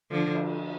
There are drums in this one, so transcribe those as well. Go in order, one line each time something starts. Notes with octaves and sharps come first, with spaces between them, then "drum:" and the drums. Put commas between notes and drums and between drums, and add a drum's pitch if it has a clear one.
D3 F3
drum: cymbal